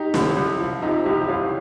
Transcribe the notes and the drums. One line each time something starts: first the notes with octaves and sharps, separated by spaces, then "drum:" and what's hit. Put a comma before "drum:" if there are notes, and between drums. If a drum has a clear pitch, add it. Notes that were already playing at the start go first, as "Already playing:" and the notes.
Already playing: D#4 G4
C2, drum: snare
C2
F3
C3 D#4 G4
C2 D#4 G4
G4
C2 C#4 F4